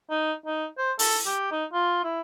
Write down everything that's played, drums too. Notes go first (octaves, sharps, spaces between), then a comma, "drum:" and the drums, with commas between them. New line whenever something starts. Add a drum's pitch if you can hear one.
D#4
D#4
C5
A4, drum: open hi-hat
G4
D#4
F4
E4